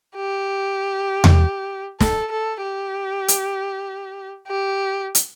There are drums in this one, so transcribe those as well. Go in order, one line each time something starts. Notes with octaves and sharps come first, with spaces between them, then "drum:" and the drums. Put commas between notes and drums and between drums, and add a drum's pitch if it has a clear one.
G4
drum: tom E2
A4, drum: snare
A4
G4
drum: hi-hat
G4
drum: hi-hat